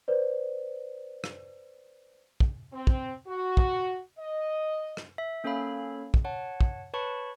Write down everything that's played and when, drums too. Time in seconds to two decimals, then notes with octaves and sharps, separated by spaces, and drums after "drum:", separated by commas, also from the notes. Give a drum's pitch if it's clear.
0.08 B4 C5 D5
1.24 drum: rim click
2.40 drum: kick
2.73 C4
2.87 drum: kick
3.28 F#4
3.57 drum: kick
4.19 D#5
4.97 drum: rim click
5.18 E5
5.44 A#3 C#4 A4 C#5 F5 B5
6.14 drum: kick
6.25 C#5 F#5 A5
6.61 drum: kick
6.94 B4 C#5 A5 B5 C#6